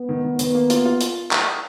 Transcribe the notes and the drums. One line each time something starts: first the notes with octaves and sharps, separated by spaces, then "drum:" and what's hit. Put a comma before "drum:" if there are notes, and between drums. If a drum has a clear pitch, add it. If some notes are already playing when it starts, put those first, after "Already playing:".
Already playing: B3
D#3
D#3
D#3 B3, drum: hi-hat
A#3
F4, drum: hi-hat
F4
drum: hi-hat
drum: clap